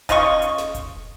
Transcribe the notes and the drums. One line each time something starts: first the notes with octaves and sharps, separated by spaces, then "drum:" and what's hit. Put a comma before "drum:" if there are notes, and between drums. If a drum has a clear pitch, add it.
C#3 F4 D#5 C#6, drum: kick E1, hi-hat
drum: hi-hat
drum: snare
drum: kick E1, hi-hat